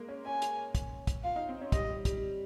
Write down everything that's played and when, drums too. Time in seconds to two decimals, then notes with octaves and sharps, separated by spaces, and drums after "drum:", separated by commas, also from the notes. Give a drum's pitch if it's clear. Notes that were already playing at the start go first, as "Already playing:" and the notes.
Already playing: G#3 A#3
0.08 C#4
0.26 C#4 G#5
0.42 drum: hi-hat
0.75 drum: kick, hi-hat
1.07 drum: kick, hi-hat
1.24 F4 F5
1.36 D#4
1.49 C4
1.61 C#4
1.72 G3 D#5, drum: kick, hi-hat
1.90 G3
2.05 G3, drum: kick, hi-hat